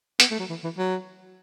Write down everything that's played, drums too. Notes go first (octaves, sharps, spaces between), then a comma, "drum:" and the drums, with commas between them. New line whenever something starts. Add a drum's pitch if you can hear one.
B3, drum: hi-hat
A3
F#3
E3
E3
F#3